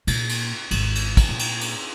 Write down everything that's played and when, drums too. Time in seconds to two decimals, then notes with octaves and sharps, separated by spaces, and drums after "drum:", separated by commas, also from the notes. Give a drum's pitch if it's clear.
0.07 A#2, drum: cymbal
0.29 drum: cymbal
0.71 G#1 D#2, drum: cymbal
0.95 drum: cymbal
1.17 drum: kick, cymbal
1.29 A#2
1.39 drum: cymbal
1.61 drum: cymbal